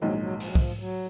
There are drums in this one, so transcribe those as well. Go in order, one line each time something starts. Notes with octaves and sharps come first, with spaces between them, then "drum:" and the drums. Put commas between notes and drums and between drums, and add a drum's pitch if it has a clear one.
A#1 G#2 D#3 F#3 A#3 D#4
F#3
F3, drum: open hi-hat
F#3
F3, drum: kick
F#3